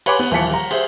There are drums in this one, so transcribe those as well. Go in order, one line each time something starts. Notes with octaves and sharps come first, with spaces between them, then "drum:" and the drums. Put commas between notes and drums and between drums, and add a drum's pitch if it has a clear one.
B4 C#5 G#5 B5 C6 D6, drum: cymbal
B3
D#1 E3 F3 A5 B6 C#7
A#5
G#4 C5 E5, drum: cymbal